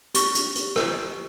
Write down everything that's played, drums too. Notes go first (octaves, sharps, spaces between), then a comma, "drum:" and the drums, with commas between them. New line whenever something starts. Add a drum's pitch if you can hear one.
G4 C#6, drum: hi-hat
drum: hi-hat
drum: hi-hat
drum: rim click